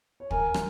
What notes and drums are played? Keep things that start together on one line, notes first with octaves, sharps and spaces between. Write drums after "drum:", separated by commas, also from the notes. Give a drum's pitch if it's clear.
C#5
A#4 G#5, drum: kick
drum: rim click